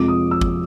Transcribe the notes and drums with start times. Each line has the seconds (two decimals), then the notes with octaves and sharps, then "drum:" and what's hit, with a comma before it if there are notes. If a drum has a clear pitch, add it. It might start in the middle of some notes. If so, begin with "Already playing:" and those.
Already playing: F2 C3 F3 G#3 D6
0.08 D#6
0.31 E6
0.41 drum: kick